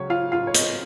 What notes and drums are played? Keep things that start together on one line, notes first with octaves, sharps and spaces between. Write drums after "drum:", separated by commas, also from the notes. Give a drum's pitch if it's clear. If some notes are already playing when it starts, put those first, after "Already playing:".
Already playing: C#2 C#3 F#3 C#5
F4 F5
F4 F5
C#5
D#5, drum: hi-hat